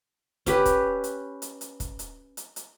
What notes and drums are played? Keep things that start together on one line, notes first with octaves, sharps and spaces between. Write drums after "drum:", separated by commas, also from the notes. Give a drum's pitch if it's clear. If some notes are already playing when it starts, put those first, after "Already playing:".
C#4 G4 B4, drum: kick, hi-hat
drum: kick, hi-hat
drum: hi-hat
drum: hi-hat
drum: hi-hat
drum: kick, hi-hat
drum: hi-hat
drum: hi-hat
drum: hi-hat